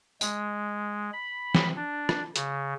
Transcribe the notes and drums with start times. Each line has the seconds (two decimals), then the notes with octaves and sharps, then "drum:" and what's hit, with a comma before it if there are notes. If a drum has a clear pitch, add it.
0.21 G#3, drum: tambourine
1.13 B5
1.55 drum: snare
1.76 D4
2.09 drum: rim click
2.36 C#3, drum: hi-hat